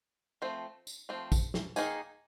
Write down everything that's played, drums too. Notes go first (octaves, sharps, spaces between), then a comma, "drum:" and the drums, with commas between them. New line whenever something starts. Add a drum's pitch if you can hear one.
F3 A3 C4
drum: tambourine
F3 A3 C4
drum: kick, tambourine
drum: snare
D#3 G3 A#3 D#4 G#4, drum: tambourine